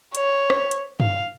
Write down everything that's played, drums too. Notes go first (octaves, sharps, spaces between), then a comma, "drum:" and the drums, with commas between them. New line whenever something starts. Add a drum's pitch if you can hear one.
C#5, drum: hi-hat
drum: rim click
drum: hi-hat
F5, drum: tom G2